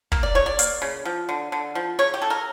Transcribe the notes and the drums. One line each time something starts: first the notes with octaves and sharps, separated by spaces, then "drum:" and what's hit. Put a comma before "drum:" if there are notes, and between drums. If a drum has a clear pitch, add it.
A#3, drum: kick
D5
C#3 C#5
D5
A#3, drum: hi-hat
C#3
F3
D3
D3
F3
C#3 C#5
G4
C#3 A4
A#4